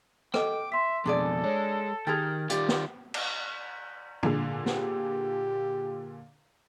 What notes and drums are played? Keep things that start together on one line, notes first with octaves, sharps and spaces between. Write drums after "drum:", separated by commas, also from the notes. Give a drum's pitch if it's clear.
A4 D#5 G5 D6, drum: rim click
E5 C6 B6
F2 B2 D4 G#4 A4 D5
G#3 C#5
D#3 G4 G#4 A#4 G#6 A6
D#3 F4 G4 D5, drum: hi-hat
drum: snare
drum: cymbal
A#2 D3 G#4, drum: tom
G4, drum: snare